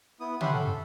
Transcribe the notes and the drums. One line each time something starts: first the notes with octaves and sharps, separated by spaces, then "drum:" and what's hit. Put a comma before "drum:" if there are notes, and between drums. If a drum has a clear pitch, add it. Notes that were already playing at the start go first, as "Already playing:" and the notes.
B3 E4 D#6
C#4 G4 E5 F#5 B5 C6, drum: tom
A4